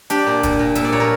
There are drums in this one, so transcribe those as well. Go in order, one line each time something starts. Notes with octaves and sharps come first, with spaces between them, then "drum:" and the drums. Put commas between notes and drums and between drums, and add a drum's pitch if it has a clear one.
D4 G4, drum: hi-hat
A#2
A#2, drum: kick D#1, hi-hat
A#2
A#2 E5, drum: hi-hat
D5
A#2 C#5
A#4